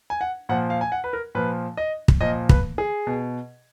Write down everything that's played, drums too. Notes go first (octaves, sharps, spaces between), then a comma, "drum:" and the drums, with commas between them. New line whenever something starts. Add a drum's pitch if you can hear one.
G#5
F#5
A#2 F3 F#5
F5
G#5
F#5
B4
A#4
A#2 F3 B4
D#5
drum: kick
A#2 F3 D#5
B4, drum: kick
G#4
B2